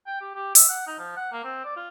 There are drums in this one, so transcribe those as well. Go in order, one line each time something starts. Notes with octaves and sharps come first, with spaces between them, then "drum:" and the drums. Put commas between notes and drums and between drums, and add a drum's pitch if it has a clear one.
G5
G4
G4
E5, drum: open hi-hat
F#5
D#4
F3
F#5
A#3
C4
D5
F4